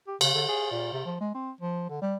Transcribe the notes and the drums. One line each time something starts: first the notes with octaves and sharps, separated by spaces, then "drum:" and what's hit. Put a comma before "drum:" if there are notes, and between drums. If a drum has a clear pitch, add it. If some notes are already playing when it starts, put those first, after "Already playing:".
G4
C#3, drum: cymbal
D3
G#4
A#2
C3
F3
G#3
C4
F3
D3
G3